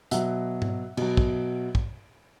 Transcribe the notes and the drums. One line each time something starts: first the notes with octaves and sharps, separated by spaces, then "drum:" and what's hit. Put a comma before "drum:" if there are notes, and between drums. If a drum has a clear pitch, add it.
B2 F#3 E5 F#5, drum: hi-hat
drum: tom G#2
B2 F#3, drum: cymbal
drum: kick
drum: kick